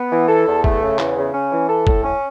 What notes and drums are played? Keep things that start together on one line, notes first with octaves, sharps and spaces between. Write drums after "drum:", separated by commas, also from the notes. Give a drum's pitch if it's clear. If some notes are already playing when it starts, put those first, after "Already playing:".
Already playing: B3
E3
A4
E2
A3, drum: kick
C#3
E2, drum: clap
C#3
C#4
E3
A4
A2, drum: kick
C#4